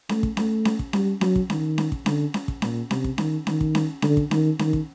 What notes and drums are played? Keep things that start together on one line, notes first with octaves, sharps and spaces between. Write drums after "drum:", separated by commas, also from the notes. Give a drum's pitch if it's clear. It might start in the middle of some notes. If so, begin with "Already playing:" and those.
A3, drum: snare C#4
drum: kick
A3, drum: snare C#4
drum: snare C#4
drum: kick
G3, drum: snare C#4
F#3, drum: snare C#4
drum: kick
D#3, drum: snare C#4
drum: snare C#4
drum: kick
D3, drum: snare C#4
drum: snare C#4
drum: kick
A#2, drum: snare C#4
C3, drum: snare C#4
drum: kick
D#3, drum: snare C#4
D#3, drum: snare C#4
drum: kick
drum: snare C#4
D3, drum: snare C#4
drum: kick
D#3, drum: snare C#4
D#3, drum: snare C#4
drum: kick